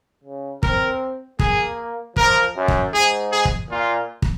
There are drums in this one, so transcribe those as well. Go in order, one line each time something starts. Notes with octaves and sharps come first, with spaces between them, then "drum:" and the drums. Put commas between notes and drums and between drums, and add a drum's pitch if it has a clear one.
C#3
C4 A#4, drum: kick
A#3 G#4, drum: kick
F3 A#4, drum: kick
F#2
drum: kick
G#2 G#4
G#4
drum: kick
A#2 F4
drum: kick